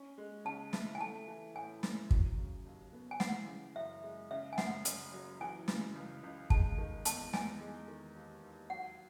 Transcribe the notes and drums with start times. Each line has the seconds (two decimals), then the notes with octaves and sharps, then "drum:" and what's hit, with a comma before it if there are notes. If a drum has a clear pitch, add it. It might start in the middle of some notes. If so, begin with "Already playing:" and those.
Already playing: C#4
0.18 G#3
0.45 C#3 A5
0.73 E4, drum: snare
0.95 G#5
1.00 A3 A5
1.28 E3
1.55 A2 G#5
1.83 C#4, drum: snare
2.11 F#3, drum: kick
2.38 C#3
2.65 D#2
2.93 B3
3.11 G#5
3.20 E3 F#5, drum: snare
3.48 C#3
3.75 F#2 E5
4.03 G#3
4.31 C#3 E5
4.53 G#5
4.58 F#2 F#5, drum: snare
4.85 F#1, drum: hi-hat
5.13 F#3
5.41 E3 G#5
5.68 C#3, drum: snare
5.95 C#2
6.23 C#2
6.50 G#3 A5, drum: kick
6.78 D#3
7.05 E2 A5, drum: hi-hat
7.33 E2 G#5, drum: snare
7.60 G#3
7.88 D#3
8.16 D#2
8.43 D#2
8.70 F#3 F#5